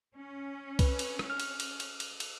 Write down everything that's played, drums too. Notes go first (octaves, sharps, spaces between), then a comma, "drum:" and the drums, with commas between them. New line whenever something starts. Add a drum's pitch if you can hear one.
C#4
B4, drum: kick C2, cymbal
drum: cymbal
drum: rim click
F6
drum: cymbal
drum: cymbal
drum: cymbal
drum: cymbal
drum: cymbal